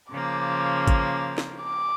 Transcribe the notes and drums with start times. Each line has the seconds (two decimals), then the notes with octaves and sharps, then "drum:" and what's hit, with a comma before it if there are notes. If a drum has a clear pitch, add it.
0.11 C#3 F3 A#3 D6
0.87 drum: kick, hi-hat
1.38 drum: snare
1.64 D6